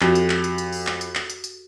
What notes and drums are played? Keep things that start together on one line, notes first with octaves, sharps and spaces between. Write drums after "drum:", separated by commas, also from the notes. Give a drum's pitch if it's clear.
F2 F#4 G4 A4, drum: clap
drum: hi-hat
drum: clap
drum: hi-hat
drum: hi-hat
drum: open hi-hat
drum: clap
drum: hi-hat
drum: clap
drum: hi-hat
drum: hi-hat